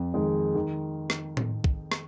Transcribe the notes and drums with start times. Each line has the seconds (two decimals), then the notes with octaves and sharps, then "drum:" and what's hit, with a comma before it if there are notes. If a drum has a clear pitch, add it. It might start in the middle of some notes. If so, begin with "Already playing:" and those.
Already playing: F2
0.14 D#3 G#3
0.55 D#3
1.10 drum: rim click
1.37 drum: tom A2
1.64 drum: kick
1.92 drum: rim click